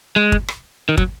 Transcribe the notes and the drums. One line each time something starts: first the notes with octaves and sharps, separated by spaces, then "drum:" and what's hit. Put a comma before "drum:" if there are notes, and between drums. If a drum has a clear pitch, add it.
G#3
drum: kick
drum: rim click
D#3
F#3, drum: kick